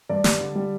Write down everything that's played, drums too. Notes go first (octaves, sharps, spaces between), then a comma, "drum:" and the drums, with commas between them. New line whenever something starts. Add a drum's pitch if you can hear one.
G2 D5
G3, drum: snare
D3
G3